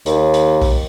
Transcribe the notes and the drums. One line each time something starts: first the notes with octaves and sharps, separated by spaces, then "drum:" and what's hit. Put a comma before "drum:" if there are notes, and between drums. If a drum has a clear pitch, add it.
D#2, drum: hi-hat
drum: hi-hat
drum: kick, open hi-hat